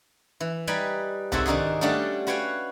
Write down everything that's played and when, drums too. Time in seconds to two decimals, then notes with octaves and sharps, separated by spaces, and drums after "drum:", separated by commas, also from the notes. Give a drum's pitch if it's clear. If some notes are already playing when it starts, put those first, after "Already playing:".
0.40 E3
0.67 G3 D#4 B4 G5 G#5 B5
1.32 G#2 C3 F#4 A4 E5 G#5, drum: tom C2
1.46 D#3 D4 D#4 F#4 G#4
1.81 G3 A3 C#4 D4 F#4 G4
2.27 F#4 B4 C#5 F5 G5 G#5